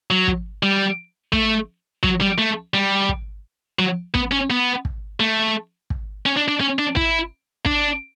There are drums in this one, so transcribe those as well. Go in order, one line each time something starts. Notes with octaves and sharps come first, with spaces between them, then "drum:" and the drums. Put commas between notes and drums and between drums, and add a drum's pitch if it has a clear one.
F#3
drum: kick
G3
A3, drum: kick
F#3, drum: kick
G3
A3
G3
drum: kick
F#3
B3, drum: kick
C#4
B3
drum: kick
A3
drum: kick
C#4
D4
D4
C#4
D4
E4, drum: kick
D4, drum: kick